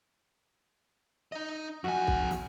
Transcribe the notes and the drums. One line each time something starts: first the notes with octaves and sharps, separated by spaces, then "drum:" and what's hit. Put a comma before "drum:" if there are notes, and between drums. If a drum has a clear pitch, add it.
D#4 D#5
F2 F#4 G#5
drum: kick C2
drum: snare